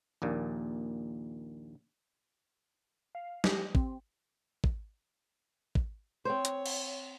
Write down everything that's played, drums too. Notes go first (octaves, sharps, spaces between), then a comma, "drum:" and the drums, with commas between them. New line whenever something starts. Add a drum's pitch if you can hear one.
A#1 D#2 A#2
F5
G4, drum: snare
C4, drum: kick
drum: kick
drum: kick
C4 C5 C#5
drum: hi-hat
drum: cymbal